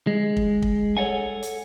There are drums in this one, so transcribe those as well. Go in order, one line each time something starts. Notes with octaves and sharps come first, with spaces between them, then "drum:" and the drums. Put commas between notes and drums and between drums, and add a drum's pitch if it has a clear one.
G#3
drum: kick
drum: kick
A4 C#5 D5 F#5 G#5
drum: hi-hat